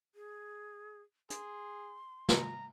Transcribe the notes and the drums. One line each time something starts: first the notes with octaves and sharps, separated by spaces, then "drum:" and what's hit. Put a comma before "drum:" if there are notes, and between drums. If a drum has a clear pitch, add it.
G#4
G#4 C6, drum: hi-hat
A#5, drum: snare